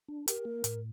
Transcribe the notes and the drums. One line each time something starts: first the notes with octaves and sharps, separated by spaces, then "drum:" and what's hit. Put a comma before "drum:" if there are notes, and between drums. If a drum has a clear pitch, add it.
D4
G4 A#4, drum: hi-hat
A#3
A2, drum: hi-hat